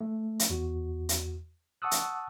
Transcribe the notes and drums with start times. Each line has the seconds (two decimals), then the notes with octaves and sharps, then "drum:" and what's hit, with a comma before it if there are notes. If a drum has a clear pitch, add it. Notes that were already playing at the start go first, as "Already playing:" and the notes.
0.01 A3
0.40 drum: hi-hat
0.50 E2 F#4
1.09 drum: hi-hat
1.82 F#5 A5 C#6 D#6 E6 F#6
1.91 drum: hi-hat